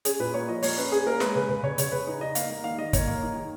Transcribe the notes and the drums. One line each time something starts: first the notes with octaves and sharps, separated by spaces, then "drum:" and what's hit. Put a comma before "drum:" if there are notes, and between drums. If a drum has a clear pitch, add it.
C#4 G#4, drum: hi-hat
A#2 B4
A#3 C#5
F3 D#5
A#3 C#5, drum: open hi-hat
C#4 B4
C#4 G#4
A#3 A#4
G#3 B4, drum: snare
C#3 B4
C#3 B4
C#3 C#5
C#3 C#5, drum: hi-hat
C#3 B4
D#4
D#4 D#5
A#3 F5, drum: hi-hat
A#3
D#3 F5
D#3 D#5
A#3 C#5, drum: kick, hi-hat
A#3
D#4
D#3